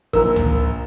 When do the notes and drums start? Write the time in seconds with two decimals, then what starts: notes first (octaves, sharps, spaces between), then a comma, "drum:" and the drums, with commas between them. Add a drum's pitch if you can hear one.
0.13 A#1 A#4 A#5 E6, drum: kick
0.36 drum: tom C#2